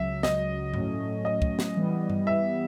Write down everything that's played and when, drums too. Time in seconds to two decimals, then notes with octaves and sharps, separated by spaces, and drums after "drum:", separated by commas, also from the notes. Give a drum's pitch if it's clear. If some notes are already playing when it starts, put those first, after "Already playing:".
Already playing: C#2 C#3 F#3 E5
0.23 D#5, drum: snare
0.74 A2 F#3 A3 C#4, drum: tom G2
1.25 D#5
1.42 drum: kick
1.59 drum: snare
1.76 E3 G3 B3
2.10 drum: tom G2
2.27 E5